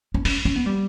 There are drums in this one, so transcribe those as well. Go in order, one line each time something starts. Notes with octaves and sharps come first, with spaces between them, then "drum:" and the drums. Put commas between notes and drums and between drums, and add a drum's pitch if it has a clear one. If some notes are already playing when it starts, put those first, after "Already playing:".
C#4
C#4, drum: open hi-hat
C#4
B3
G3